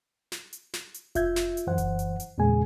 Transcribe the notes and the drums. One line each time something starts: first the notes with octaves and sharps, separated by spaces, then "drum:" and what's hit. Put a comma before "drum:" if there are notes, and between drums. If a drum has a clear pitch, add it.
drum: snare
drum: hi-hat
drum: snare
drum: hi-hat
F4 E5 G6 G#6, drum: kick F1, hi-hat
drum: snare
drum: hi-hat
F#2 E3 C5 F#5
drum: kick F1, hi-hat
drum: hi-hat
drum: hi-hat
E2 A#2 C#3 G#3 G#4 G#5